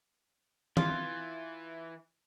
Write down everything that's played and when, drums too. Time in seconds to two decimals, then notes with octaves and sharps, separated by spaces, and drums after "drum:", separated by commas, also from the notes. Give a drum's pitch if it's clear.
0.77 E3 F4, drum: tom E3